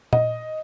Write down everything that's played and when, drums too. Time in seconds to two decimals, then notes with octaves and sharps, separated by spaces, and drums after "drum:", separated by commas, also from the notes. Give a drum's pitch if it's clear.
0.13 D#5, drum: tom A#2